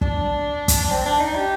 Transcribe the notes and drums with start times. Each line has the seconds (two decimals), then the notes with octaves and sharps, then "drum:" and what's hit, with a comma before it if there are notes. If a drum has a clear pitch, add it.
0.01 D4, drum: kick
0.68 drum: kick, hi-hat
0.90 C4
1.06 D4
1.20 D#4
1.35 G4